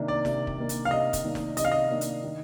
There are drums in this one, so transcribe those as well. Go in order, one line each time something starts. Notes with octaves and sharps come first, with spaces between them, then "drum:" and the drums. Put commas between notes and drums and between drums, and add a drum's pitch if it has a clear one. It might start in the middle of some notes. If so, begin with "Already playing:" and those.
Already playing: C3 D#3 A#3 D4
D5
C3, drum: snare
drum: kick
D#3 A#3 D4
drum: hi-hat
F5
C3 D#5
drum: kick, hi-hat
D#3 A#3 D4
drum: snare
C3 D#5, drum: hi-hat
F5
D#5
D#3 A#3 D4
drum: hi-hat
D#3